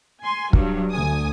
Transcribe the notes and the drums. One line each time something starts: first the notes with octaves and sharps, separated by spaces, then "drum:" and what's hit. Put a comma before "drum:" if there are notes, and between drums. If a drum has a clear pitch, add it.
G#5 C6
G2 F#3, drum: kick
D2 G#5 D#6